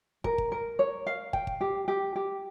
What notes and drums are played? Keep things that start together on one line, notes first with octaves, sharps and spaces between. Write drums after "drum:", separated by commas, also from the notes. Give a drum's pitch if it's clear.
A#4, drum: kick
drum: kick
A#4
C#5
F5
G5, drum: kick
drum: kick
G4
G4
G4